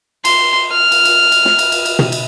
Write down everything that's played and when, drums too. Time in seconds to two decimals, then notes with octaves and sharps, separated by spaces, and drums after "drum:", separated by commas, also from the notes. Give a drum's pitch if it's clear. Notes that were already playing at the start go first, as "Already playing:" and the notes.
0.25 C6, drum: cymbal
0.72 F6
0.92 drum: cymbal
1.05 drum: cymbal
1.32 drum: cymbal
1.45 drum: snare
1.59 drum: cymbal
1.72 drum: cymbal
1.85 drum: cymbal
1.99 drum: tom
2.12 drum: cymbal